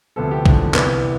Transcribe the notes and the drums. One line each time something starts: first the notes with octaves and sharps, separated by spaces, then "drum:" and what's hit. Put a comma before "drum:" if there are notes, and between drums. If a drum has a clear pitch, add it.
D2 C3 F3 B3 A4
G4
E2 D3 F3 A3, drum: kick
C2 C3 E3 B3 B4, drum: clap